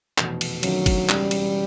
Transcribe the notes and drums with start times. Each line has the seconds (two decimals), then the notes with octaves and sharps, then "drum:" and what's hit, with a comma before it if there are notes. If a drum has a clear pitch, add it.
0.18 F1 E2 B2, drum: clap
0.41 drum: cymbal
0.63 D#2 D3 F3 F#3 A3 C#4, drum: cymbal
0.86 drum: kick, cymbal
1.09 E1 E2 C#3 G3, drum: clap
1.31 drum: cymbal